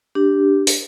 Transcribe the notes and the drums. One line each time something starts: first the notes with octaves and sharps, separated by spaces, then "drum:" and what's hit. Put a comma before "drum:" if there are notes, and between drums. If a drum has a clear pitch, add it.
D4 G4
drum: open hi-hat